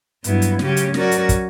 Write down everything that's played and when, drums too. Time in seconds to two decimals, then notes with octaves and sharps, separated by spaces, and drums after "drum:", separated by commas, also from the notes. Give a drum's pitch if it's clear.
0.24 G2 F#3 B3 E4, drum: hi-hat
0.42 drum: hi-hat
0.59 C#3 F#3 C#4 G4, drum: snare
0.77 drum: hi-hat
0.94 F#3 C#4 F#4 A#4 D5, drum: snare
1.11 drum: hi-hat
1.29 drum: kick, hi-hat